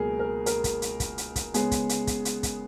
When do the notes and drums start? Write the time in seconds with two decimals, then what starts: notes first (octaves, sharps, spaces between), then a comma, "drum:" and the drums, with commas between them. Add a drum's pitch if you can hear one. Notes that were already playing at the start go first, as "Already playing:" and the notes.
Already playing: C#2 B2 F#3 A#3 G#4 A#4
0.19 A#4
0.46 A#4, drum: hi-hat
0.64 drum: kick, hi-hat
0.82 drum: hi-hat
1.00 drum: kick, hi-hat
1.18 drum: hi-hat
1.36 drum: kick, hi-hat
1.54 C#3 G#3 B3 G#4, drum: hi-hat
1.71 drum: kick, hi-hat
1.89 drum: hi-hat
2.07 drum: kick, hi-hat
2.25 drum: hi-hat
2.43 drum: kick, hi-hat